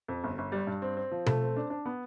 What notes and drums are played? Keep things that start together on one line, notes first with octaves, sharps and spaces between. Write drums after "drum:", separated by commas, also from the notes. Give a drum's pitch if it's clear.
F2
G1
G1
G3
G2
C4
C4
F3
A3, drum: tom B2
C4
D4
D4
B3